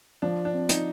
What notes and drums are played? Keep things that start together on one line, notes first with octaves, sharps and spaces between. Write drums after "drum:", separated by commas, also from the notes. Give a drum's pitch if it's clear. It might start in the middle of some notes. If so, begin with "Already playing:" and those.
F3 D4
D4
C4
D#4, drum: hi-hat